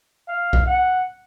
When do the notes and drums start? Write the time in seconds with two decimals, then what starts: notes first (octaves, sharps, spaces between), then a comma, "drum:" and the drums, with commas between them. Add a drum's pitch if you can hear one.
0.28 F5
0.53 drum: kick
0.67 F#5